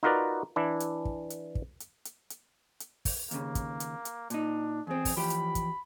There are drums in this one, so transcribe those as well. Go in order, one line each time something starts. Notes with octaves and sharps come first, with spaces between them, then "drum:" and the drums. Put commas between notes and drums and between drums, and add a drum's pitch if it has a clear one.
D#4 F4 F#4 A#4 B4 D5
E3 D4 E4
drum: hi-hat
drum: kick
drum: hi-hat
drum: kick
drum: hi-hat
drum: hi-hat
drum: hi-hat
drum: hi-hat
drum: kick, open hi-hat
D#2 C#3 A#3, drum: hi-hat
drum: kick, hi-hat
drum: hi-hat
drum: hi-hat
A#2 D4 D#4, drum: hi-hat
E2 C4 G#4
drum: kick, open hi-hat
E3 F3 G4 B5
drum: hi-hat
drum: kick, hi-hat